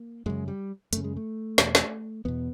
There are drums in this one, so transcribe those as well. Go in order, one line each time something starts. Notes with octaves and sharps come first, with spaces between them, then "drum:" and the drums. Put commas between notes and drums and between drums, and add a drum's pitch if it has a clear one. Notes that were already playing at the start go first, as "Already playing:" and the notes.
Already playing: A#3
F#2 C#3 G#3
G3
F#2 C#3 A3, drum: hi-hat
G#3
A3
E2 B2, drum: snare
drum: snare
E2 B2 B3